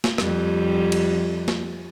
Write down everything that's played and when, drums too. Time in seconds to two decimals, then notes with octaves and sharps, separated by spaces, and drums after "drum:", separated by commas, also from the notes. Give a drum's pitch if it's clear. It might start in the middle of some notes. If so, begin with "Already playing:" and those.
0.04 drum: snare
0.18 F2 G3, drum: rim click
0.92 drum: cymbal
1.48 drum: snare